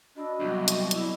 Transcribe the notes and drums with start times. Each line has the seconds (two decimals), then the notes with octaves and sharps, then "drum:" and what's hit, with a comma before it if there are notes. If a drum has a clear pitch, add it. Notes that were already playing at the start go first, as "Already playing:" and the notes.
0.16 D4 F#4 D#5 B5 E6
0.40 C2 F#3 B3 F#4 D6
0.68 drum: hi-hat
0.91 E4, drum: hi-hat